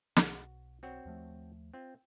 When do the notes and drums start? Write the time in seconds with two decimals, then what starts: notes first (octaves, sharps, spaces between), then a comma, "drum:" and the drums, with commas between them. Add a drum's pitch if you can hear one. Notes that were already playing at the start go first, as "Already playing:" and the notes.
0.17 B1 F#4, drum: snare
0.83 C4 F#4 C#5
1.05 D#2 F3 A3
1.74 C4 F4